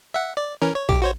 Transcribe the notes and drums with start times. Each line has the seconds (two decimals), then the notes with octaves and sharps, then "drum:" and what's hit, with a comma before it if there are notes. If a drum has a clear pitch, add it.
0.14 E5 F#5
0.37 D5
0.62 E3 C#4 A#4
0.75 C#5
0.89 B1 G4 D6, drum: kick
1.02 F#4 C5 C#5